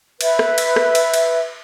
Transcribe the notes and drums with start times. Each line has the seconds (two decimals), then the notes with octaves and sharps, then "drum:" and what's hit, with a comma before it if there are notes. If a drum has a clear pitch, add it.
0.21 B4 E5, drum: cymbal
0.39 drum: rim click
0.58 drum: cymbal
0.76 drum: rim click
0.95 drum: cymbal
1.14 drum: cymbal